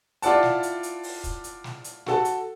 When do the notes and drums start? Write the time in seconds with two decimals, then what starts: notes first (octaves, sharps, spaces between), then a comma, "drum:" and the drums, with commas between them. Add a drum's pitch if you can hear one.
0.22 E4 F4 D5 F#5 A5, drum: hi-hat
0.43 drum: snare
0.63 drum: hi-hat
0.83 drum: hi-hat
1.03 drum: open hi-hat
1.24 drum: kick, hi-hat
1.44 drum: hi-hat
1.64 drum: snare
1.84 drum: hi-hat
2.06 F#4 A4 A5, drum: snare
2.25 drum: hi-hat